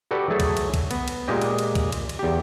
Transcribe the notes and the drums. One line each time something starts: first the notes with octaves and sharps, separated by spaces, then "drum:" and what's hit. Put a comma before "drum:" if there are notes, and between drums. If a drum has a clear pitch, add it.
F#4 G4 A4 B4 D5
F#3 A3 G#4
drum: kick, cymbal
drum: cymbal
drum: kick, cymbal
B3, drum: cymbal
drum: cymbal
A#2 G#3 G4 D#5 G5
drum: cymbal
drum: cymbal
drum: kick, cymbal
drum: cymbal
drum: cymbal
E2 G4